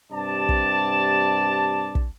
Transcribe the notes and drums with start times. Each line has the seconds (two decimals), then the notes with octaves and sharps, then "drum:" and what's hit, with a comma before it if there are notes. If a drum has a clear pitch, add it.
0.12 G2 C3 D5 A5
0.49 drum: kick
1.95 drum: kick